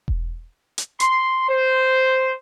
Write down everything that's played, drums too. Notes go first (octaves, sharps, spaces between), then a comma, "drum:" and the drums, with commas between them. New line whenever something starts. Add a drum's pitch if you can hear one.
drum: kick E1
drum: hi-hat
C6, drum: hi-hat
C5